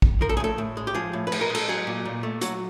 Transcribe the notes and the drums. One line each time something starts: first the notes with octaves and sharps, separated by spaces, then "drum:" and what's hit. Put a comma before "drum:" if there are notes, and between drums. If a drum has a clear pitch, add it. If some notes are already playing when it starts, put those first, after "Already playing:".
drum: kick
F3 A#4
A4
G#4
A2 A4
A2
G#3
G4
F3 G#4
A2
B4
A2, drum: cymbal
A#4
G#3
A4, drum: cymbal
F#3 G#4
A#2
A#2
A3
F#3 F#4, drum: hi-hat